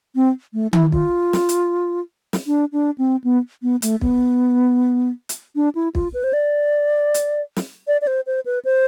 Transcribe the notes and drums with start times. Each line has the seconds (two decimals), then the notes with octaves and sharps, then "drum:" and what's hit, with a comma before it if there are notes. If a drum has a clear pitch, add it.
0.15 C4
0.54 A3
0.73 E4, drum: tom D#3
0.92 F4, drum: kick
1.33 drum: snare
1.49 drum: hi-hat
2.33 drum: snare
2.47 D4
2.72 D4
2.98 C4
3.24 B3
3.63 B3
3.82 A3, drum: hi-hat
4.01 B3, drum: kick
5.29 drum: hi-hat
5.56 D4
5.75 E4
5.95 F4, drum: kick
6.14 B4
6.24 C5
6.33 D5
7.14 drum: hi-hat
7.56 drum: snare
7.88 D5
8.01 D5
8.07 C5
8.27 C5
8.46 B4
8.65 C5